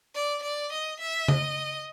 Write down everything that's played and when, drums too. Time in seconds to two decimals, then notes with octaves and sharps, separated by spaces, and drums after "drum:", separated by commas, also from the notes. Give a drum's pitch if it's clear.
0.15 D5
0.43 D5
0.72 D#5
1.00 E5
1.28 D#5, drum: tom C#3